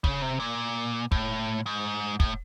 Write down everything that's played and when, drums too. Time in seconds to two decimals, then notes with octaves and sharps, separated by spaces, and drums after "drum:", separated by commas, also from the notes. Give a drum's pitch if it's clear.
0.04 C#3, drum: kick
0.22 C3
0.40 A#2
1.12 A2, drum: kick
1.66 G#2
2.20 A2, drum: kick